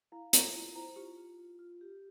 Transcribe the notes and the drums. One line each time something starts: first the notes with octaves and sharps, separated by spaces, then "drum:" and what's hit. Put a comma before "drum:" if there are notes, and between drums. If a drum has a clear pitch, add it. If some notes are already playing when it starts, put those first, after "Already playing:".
E4 F5
E4 F4, drum: hi-hat
E4 F4
E4 C5
F4 G4
F4
F4
F4
G4